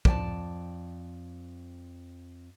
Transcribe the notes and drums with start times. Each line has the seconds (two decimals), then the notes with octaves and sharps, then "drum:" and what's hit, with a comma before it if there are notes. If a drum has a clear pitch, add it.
0.05 F2 D5 G#5 A5, drum: kick